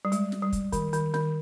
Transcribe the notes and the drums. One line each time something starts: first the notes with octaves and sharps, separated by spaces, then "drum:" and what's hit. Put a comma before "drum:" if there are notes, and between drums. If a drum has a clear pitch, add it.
G3
G#3, drum: hi-hat
drum: snare
G3
drum: kick, hi-hat
D#3, drum: kick, hi-hat
D#3, drum: hi-hat
D#3, drum: snare